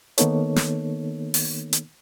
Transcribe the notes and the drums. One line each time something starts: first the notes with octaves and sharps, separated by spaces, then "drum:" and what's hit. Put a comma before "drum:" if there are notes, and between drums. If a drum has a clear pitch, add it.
D#3 A#3 B3 D#4 A4 C#5, drum: hi-hat
drum: snare
drum: open hi-hat
drum: hi-hat